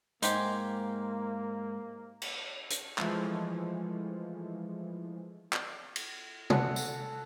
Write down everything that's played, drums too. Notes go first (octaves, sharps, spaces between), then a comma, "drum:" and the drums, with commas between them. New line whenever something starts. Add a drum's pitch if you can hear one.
G#2 A#3 D#4 G4 C5 G#5, drum: hi-hat
drum: cymbal
drum: hi-hat
E3 F3 G#3 A3, drum: clap
drum: clap
drum: cymbal
A4 F#5, drum: tom
drum: tambourine